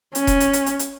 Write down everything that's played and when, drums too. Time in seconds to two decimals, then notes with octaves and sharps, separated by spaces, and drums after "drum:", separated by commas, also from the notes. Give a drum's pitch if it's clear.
0.15 C#4, drum: hi-hat
0.27 drum: kick E1, hi-hat
0.40 drum: hi-hat
0.53 drum: hi-hat
0.66 drum: hi-hat
0.79 drum: hi-hat